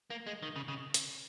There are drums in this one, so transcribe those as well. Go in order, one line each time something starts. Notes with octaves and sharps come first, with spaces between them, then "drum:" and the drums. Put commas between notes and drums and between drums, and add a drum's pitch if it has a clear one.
A#3
G#3
D#3
C#3
C#3
drum: hi-hat